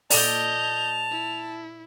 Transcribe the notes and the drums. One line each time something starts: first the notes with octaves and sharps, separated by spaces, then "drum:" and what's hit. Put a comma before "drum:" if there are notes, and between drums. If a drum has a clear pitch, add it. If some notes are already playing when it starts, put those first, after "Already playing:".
A#2 A4 D5 D#5 A5 G6 F7, drum: open hi-hat
E4